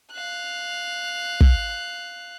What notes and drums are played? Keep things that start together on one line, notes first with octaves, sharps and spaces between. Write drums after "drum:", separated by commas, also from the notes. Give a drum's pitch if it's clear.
F5 F#6
drum: kick